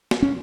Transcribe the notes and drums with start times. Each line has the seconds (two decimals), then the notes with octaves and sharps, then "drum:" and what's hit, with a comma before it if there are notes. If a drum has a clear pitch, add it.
0.11 drum: snare
0.22 C#4